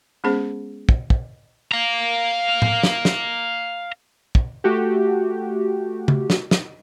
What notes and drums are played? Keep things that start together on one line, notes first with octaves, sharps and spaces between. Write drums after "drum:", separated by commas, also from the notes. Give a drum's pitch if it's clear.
G#3 B3 C#4 G#4 C5
drum: kick
drum: kick
F5 A#5
drum: tom
drum: snare
drum: snare
drum: kick
A3 F#4 G4
drum: tom
drum: snare
drum: snare